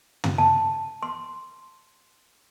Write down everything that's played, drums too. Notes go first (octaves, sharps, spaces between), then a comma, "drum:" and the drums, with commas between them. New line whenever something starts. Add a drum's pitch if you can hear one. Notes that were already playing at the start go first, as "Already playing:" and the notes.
drum: tom
A5
C6